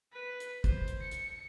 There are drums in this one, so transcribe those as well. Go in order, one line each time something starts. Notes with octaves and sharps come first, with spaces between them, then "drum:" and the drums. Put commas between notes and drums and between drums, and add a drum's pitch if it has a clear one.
B4
drum: hi-hat
C5, drum: kick, hi-hat
drum: hi-hat
C#7
drum: hi-hat